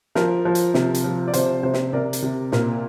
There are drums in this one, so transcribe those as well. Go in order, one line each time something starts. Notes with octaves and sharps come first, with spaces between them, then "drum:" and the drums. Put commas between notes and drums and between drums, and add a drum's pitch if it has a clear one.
F3 A#4, drum: snare
F3
drum: hi-hat
C3, drum: snare
drum: hi-hat
F3
D5
C3 C5, drum: hi-hat
C3 C5
drum: snare
C3 A#4 D5
drum: hi-hat
C3
A#2 A#4, drum: snare